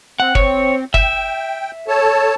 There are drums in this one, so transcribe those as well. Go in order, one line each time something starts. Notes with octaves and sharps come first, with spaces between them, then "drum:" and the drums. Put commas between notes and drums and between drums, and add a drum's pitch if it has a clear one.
C4 F#5
C4 C#5, drum: kick
E5 G5, drum: kick
A4 C#5 A5